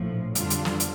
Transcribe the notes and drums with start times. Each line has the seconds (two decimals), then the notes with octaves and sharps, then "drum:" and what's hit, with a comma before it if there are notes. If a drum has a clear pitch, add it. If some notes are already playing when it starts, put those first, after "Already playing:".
Already playing: A#1 A2 F3
0.35 F2 D3 G3 D4 F4, drum: hi-hat
0.50 drum: hi-hat
0.65 drum: snare
0.80 drum: hi-hat